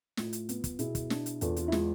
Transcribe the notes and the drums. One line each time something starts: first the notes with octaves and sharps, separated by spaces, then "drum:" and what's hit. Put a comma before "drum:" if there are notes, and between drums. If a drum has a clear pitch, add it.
A2 F4, drum: snare
drum: hi-hat
B3, drum: hi-hat
drum: kick, hi-hat
B2 E4 G#4, drum: hi-hat
drum: kick, hi-hat
D4, drum: snare
drum: hi-hat
E2 F4 A4, drum: hi-hat
F4, drum: hi-hat
E4
G#3 F4, drum: snare